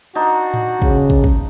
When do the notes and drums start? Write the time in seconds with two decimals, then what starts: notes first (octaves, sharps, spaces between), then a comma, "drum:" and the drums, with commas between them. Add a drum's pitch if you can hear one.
0.15 D4 D#4 F#4 C5
0.54 drum: tom A2
0.82 C#3, drum: kick
1.10 drum: kick
1.24 drum: kick